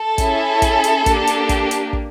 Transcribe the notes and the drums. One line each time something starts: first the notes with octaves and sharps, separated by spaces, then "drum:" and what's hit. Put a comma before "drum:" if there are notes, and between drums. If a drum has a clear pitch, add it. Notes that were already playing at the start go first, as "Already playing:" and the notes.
Already playing: A4
C#4 E4 G#4, drum: kick, hi-hat
drum: kick, hi-hat
drum: hi-hat
A#3 D4 G4, drum: kick, hi-hat
drum: hi-hat
drum: kick, hi-hat
drum: hi-hat
drum: kick